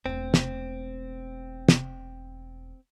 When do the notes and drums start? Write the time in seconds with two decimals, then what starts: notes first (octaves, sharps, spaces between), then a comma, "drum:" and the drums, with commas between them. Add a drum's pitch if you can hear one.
0.06 E1 A3 C4
0.34 drum: snare
1.69 drum: snare